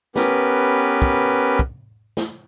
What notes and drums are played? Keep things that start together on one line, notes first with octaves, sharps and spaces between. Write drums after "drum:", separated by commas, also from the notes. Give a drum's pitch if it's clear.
B3 C#4 G4 A#4 B4, drum: snare
drum: kick
drum: kick
drum: snare